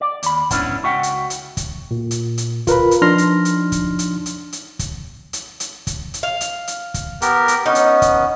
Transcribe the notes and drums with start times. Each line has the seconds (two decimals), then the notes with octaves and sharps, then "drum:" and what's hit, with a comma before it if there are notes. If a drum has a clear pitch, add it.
0.01 D5
0.23 D#2 B5, drum: hi-hat
0.51 G#2 B3 C#4 D4 E4, drum: kick, hi-hat
0.83 C#2 F#4 E5 F#5 G5
1.03 drum: hi-hat
1.30 drum: hi-hat
1.57 drum: kick, hi-hat
1.91 A#2
2.11 drum: hi-hat
2.38 drum: hi-hat
2.67 F4 A#4 B4 B5, drum: kick, hi-hat
2.91 drum: hi-hat
3.02 F3 D4 D#4 C6 F6 A#6
3.18 drum: hi-hat
3.45 drum: hi-hat
3.72 drum: kick, hi-hat
3.99 drum: hi-hat
4.26 drum: hi-hat
4.52 drum: hi-hat
4.79 drum: kick, hi-hat
5.33 drum: hi-hat
5.60 drum: hi-hat
5.87 drum: kick, hi-hat
6.14 drum: hi-hat
6.23 F5
6.41 drum: hi-hat
6.67 drum: hi-hat
6.94 drum: kick, hi-hat
7.22 B3 G4 A#4, drum: hi-hat
7.48 drum: hi-hat
7.66 B3 C#4 D#4
7.75 drum: hi-hat
8.02 drum: kick, hi-hat